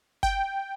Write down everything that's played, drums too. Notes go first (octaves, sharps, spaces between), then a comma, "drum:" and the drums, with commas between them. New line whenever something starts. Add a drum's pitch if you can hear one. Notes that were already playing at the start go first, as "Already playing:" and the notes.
G5, drum: kick F#1